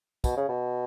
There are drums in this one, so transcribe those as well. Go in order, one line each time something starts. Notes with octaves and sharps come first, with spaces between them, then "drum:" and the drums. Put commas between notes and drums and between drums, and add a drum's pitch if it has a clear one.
B2, drum: kick, tambourine
C#3
B2